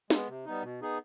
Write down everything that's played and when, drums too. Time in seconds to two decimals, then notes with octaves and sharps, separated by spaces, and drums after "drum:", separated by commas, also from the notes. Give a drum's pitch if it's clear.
0.10 G#3 B3, drum: snare
0.28 C3
0.46 G3 B3 D#4
0.63 B2
0.81 B3 D#4 G#4